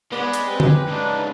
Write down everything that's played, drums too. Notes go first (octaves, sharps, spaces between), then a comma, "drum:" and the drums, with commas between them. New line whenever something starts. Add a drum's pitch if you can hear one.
G#3 B3 B4 D5
drum: hi-hat
C4 G4 B4
drum: tom
G#2 C#3 D4 D#4